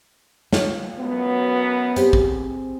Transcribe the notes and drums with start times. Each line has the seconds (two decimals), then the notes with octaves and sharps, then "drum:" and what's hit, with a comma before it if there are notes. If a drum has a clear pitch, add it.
0.53 F4 C#5, drum: snare
0.99 F#2 F#3 B3
1.96 C4 G4 G#4, drum: hi-hat
2.13 drum: kick